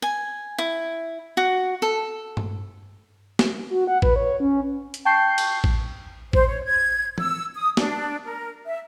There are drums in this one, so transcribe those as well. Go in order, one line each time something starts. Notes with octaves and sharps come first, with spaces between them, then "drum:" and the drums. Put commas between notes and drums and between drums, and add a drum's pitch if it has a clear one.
G#5
E4
F#4
A4
drum: tom G2
drum: snare
F#4
F#5
B4, drum: kick A1
C#5
C#4
drum: hi-hat
G5 A5 C#6 G6 C7
drum: cymbal
drum: kick A1
C5, drum: kick A1
C#5
G#6
E6, drum: tom E3
D#6
D4, drum: snare
A#4
E5